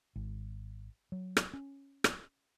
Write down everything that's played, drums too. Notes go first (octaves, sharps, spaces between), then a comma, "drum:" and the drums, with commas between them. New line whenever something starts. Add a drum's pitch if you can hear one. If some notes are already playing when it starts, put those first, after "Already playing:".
G#1
F#3
drum: rim click
C#4
drum: rim click